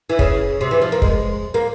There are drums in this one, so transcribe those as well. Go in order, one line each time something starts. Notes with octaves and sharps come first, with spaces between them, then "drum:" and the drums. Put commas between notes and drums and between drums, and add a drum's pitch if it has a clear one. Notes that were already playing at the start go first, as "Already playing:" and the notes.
E3
C#3, drum: kick
C3
E3
F3
A#3
G#3, drum: kick
A#3